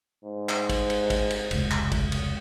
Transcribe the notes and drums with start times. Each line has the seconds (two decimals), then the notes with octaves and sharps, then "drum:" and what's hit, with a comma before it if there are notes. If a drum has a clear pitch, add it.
0.24 G#2
0.49 drum: clap
0.69 drum: kick, cymbal
0.90 drum: cymbal
1.10 drum: kick, cymbal
1.31 drum: cymbal
1.51 F1 C#2, drum: cymbal
1.71 drum: clap
1.92 drum: kick, cymbal
2.12 drum: cymbal